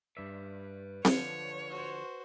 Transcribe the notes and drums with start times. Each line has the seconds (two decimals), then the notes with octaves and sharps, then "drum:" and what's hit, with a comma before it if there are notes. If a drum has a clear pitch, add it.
0.17 G2 B4 D5 E5
1.05 D3 F3 C#5, drum: snare C4
1.70 F#4 C5